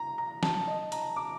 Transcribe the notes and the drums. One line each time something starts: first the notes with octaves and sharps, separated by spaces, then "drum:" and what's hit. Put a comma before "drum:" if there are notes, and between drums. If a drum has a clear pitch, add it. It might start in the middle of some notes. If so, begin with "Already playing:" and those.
Already playing: A#5
A#5
A5, drum: snare
D#5
A#5, drum: hi-hat
D6